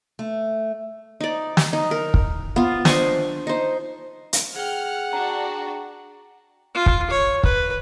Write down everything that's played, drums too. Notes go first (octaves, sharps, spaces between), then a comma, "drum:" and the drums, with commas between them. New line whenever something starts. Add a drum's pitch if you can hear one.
A3
D#4 D5
drum: snare
D#4
A#4
drum: kick
B3 F4
D4 C5 D#5 C#6, drum: snare
D#4 C5
drum: hi-hat
G#4 F#5 G5 F6
D4 F#4 A#5
F4
drum: kick
C#5
B4, drum: kick